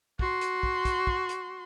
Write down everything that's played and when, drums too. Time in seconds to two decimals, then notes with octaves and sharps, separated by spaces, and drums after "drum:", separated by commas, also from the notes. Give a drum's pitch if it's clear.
0.19 F#4 C6, drum: kick
0.41 drum: hi-hat
0.63 drum: kick
0.85 drum: kick, hi-hat
1.07 drum: kick
1.29 drum: hi-hat